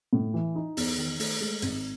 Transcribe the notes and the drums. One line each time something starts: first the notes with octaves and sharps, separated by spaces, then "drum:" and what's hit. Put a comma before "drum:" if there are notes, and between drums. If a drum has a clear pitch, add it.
A2
E3
D#4
E2, drum: open hi-hat
D#3
A3, drum: open hi-hat
G#3
G#1, drum: hi-hat